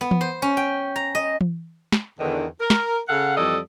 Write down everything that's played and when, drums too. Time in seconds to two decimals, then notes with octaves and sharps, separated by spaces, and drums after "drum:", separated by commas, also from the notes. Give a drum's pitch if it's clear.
0.01 B3
0.11 drum: tom E3
0.21 C5
0.42 C#4
0.57 G5
0.96 A#5
1.15 D#5
1.41 drum: tom E3
1.92 drum: snare
2.19 E2 D3 D#3
2.60 A#4
2.70 drum: snare
3.08 C#3 A4 F5 F#5
3.36 F2 E3 G3 A4 D5 D#5